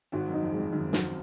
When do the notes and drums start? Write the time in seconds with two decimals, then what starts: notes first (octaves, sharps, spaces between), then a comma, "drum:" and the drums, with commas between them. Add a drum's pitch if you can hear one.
0.12 G#1 G#2 F#4
0.28 F#2
0.34 D#4
0.43 F2
0.52 G#3
0.58 F2
0.73 F#2 D#3
0.93 G#1 G#2 F#4, drum: snare